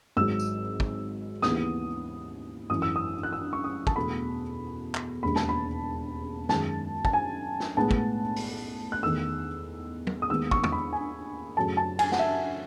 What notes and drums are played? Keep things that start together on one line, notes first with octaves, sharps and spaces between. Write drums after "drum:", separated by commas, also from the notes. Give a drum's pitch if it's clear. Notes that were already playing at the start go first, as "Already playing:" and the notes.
G#1 G#2 F#3 E6
drum: tambourine
drum: kick
D#2 C#3 E3 B3 D#6, drum: snare
G#1 F#2 E3 D#6
E6
D#6
F#6
E6
C#6
D#6
A5, drum: kick
E2 B2 A3 B5
drum: clap
E1 D#2 C#3 G#3 B5
A5, drum: snare
B5
F#2 D#3 G#3 A5, drum: snare
A5, drum: kick
G#5
drum: snare
B1 A2 G#3 B3 A5
drum: kick
drum: open hi-hat
F#6
E2 D#3 A3 E6
drum: tom
D#6
D#2 D#3 G#3 B3 E6
C#6, drum: kick
C#6, drum: tom
B5
G#5
F#2 C#3 F#3 A3 A5
A5
G#5, drum: cymbal
F#5, drum: snare
E5